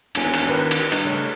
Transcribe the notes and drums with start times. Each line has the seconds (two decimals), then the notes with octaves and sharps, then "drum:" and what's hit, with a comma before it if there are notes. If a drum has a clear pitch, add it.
0.15 E1 D#2 G#5, drum: cymbal
0.34 drum: cymbal
0.49 D#3 A#4 B4
0.71 drum: cymbal
0.92 G2 D#5, drum: cymbal
1.04 C#3 A3